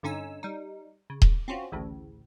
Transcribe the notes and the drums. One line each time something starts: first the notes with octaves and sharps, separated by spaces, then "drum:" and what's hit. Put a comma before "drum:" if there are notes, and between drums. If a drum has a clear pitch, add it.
G2 D3 C#4 D#4 G#5 E6
G3 D#4
C#3
drum: kick D#1
C4 C#4 F4 F#4
A1 D2 A2 C#3